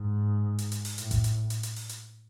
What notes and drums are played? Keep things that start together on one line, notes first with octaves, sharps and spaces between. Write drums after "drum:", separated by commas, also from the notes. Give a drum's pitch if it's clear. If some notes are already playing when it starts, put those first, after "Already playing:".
Already playing: G#2
drum: hi-hat
drum: hi-hat
drum: open hi-hat
A2, drum: hi-hat
drum: kick G#1, hi-hat
drum: hi-hat
drum: hi-hat
drum: hi-hat
drum: open hi-hat
drum: hi-hat